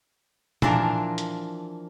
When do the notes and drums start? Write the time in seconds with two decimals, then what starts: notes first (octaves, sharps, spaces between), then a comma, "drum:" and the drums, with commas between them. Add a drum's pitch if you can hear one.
0.62 E3 F3 D4 F4 A#4, drum: tom A#2
1.18 drum: hi-hat